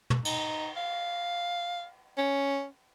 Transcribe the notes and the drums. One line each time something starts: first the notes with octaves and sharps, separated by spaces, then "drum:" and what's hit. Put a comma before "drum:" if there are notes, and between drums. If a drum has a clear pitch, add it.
drum: tom
D#4, drum: cymbal
F5
C#4